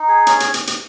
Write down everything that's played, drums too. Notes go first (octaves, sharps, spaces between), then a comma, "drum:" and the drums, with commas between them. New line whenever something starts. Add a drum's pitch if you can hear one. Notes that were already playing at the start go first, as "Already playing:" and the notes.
Already playing: D#4
G#4
C#4, drum: hi-hat
drum: hi-hat
drum: hi-hat
drum: hi-hat